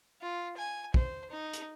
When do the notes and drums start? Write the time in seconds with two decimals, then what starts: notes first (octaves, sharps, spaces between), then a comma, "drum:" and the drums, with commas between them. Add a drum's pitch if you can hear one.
0.21 F4
0.57 G#5
0.94 C5, drum: kick
1.30 D#4
1.53 drum: hi-hat